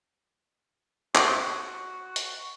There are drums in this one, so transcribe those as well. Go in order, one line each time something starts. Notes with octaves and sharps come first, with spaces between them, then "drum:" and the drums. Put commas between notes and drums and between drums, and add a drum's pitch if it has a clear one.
F#4, drum: clap
drum: hi-hat